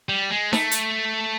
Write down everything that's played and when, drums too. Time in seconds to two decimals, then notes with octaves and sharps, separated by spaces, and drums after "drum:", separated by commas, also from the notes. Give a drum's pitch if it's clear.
0.09 G3
0.31 G#3
0.53 A3, drum: snare D#4
0.71 drum: hi-hat